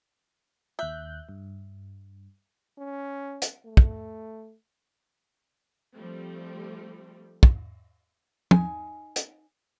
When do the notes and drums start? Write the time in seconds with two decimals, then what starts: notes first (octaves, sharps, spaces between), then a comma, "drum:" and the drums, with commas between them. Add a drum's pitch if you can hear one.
0.79 D#2 E5 F#6 G6
1.29 G2
2.78 C#4
3.42 drum: hi-hat
3.66 A3
3.77 drum: kick
5.95 F3 G3 A3 C4
7.43 drum: kick
8.51 D#4 G#5, drum: tom F3
9.16 drum: hi-hat